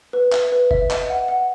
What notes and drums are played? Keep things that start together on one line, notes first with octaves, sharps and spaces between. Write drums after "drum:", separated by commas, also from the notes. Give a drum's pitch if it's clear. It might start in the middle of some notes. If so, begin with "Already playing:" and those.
B4
E5, drum: clap
B4
E5, drum: kick F#1
D#5, drum: clap
F#5
F#5